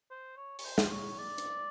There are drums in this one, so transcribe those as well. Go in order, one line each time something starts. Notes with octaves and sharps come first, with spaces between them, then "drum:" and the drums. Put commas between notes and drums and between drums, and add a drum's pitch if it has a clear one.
C5
C#5
C#5, drum: open hi-hat
C5
drum: snare
C#5
D5
drum: hi-hat